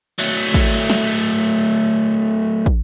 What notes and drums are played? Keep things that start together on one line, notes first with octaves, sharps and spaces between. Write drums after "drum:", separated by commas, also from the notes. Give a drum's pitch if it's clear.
F#3 A3
drum: kick
drum: snare
drum: kick